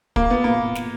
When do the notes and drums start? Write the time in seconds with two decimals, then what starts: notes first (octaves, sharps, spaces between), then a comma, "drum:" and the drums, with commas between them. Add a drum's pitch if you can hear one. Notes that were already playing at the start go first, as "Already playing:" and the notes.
0.16 A#3, drum: kick
0.30 B3
0.44 A#3
0.75 drum: snare